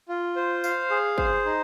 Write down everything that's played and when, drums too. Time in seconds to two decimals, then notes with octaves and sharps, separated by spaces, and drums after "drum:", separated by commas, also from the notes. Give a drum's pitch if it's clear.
0.09 F4
0.36 C5
0.64 F5, drum: tambourine
0.91 G#4
1.18 C5, drum: kick
1.45 D#4